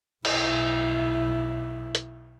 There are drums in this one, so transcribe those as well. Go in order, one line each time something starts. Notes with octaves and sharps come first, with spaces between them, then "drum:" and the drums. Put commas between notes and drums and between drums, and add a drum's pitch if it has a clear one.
B1 E4, drum: cymbal
drum: hi-hat